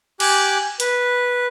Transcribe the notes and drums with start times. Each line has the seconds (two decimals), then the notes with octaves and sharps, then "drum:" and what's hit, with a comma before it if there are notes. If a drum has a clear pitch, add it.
0.20 G4 G#5 D6 F#6, drum: cymbal
0.80 B4, drum: hi-hat